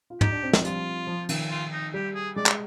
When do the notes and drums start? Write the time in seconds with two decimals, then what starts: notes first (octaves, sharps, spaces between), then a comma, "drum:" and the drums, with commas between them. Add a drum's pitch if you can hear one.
0.10 F4
0.21 D#4 G4, drum: tom
0.32 D4
0.43 C4
0.53 F3, drum: snare
0.65 G3 F4, drum: hi-hat
1.07 F3
1.29 D#3, drum: cymbal
1.50 F4
1.72 D#4
1.94 G3 G4
2.15 G#4
2.36 G#3 D5
2.46 drum: clap